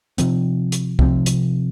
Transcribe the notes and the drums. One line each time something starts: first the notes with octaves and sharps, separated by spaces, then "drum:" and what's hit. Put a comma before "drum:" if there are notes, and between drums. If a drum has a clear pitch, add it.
C3 F3 C4, drum: hi-hat
drum: hi-hat
C3 F3 C4, drum: kick C2
drum: hi-hat